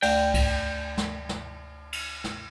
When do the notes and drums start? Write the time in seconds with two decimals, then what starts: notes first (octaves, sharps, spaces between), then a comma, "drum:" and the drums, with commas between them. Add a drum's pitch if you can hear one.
0.02 D2 A3 D5 G5, drum: cymbal
0.34 drum: kick C2, cymbal
0.97 drum: snare
1.29 drum: snare
1.92 drum: cymbal
2.24 drum: snare